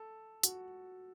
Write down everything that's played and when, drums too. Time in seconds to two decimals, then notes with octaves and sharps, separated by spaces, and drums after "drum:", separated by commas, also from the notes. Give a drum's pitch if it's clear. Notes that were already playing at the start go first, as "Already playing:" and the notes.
Already playing: A4
0.43 F#4, drum: hi-hat